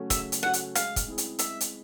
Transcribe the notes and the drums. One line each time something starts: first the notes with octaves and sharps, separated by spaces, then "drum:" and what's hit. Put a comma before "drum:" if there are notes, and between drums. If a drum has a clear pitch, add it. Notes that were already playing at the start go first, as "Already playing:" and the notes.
Already playing: C#3 F#3 A3 C#4 F#4
C#3 E5, drum: kick, hi-hat
drum: hi-hat
F#3 A3 C#4 F#4 F#5
drum: hi-hat
G#3 F5, drum: hi-hat
drum: kick, hi-hat
C4 E4 G#4
drum: hi-hat
G#3 E5, drum: hi-hat
drum: hi-hat